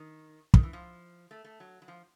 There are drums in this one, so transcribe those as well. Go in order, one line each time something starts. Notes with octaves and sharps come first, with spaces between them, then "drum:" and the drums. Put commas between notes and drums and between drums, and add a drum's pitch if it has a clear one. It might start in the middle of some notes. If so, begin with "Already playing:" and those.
Already playing: D#3
D#3, drum: kick
E3
F3
A3
A3
F#3
F#3
F3